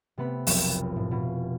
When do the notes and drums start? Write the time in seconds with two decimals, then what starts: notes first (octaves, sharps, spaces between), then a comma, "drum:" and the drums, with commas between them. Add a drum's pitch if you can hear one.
0.18 C3 A3 B3 C4 B5
0.47 F1 B1 F4 A#4, drum: open hi-hat
0.96 A2
1.11 B2 F4